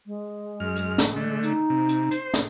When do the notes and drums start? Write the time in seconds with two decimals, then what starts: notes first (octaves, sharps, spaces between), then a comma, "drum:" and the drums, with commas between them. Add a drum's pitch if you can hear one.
0.07 G#3
0.60 F#2 F6
0.76 drum: hi-hat
0.98 drum: snare
1.16 D3 A3
1.43 D#4, drum: hi-hat
1.70 C3
1.88 drum: hi-hat
2.11 C5, drum: hi-hat
2.34 drum: snare